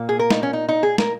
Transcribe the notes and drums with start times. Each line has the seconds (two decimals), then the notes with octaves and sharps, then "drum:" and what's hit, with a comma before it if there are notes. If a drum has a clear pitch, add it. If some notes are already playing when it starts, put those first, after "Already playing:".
Already playing: A#2 A#3
0.09 G#4
0.19 A#4
0.31 D#4, drum: snare
0.43 C#4
0.53 D#4
0.69 D#4
0.83 G#4
0.98 A#4, drum: snare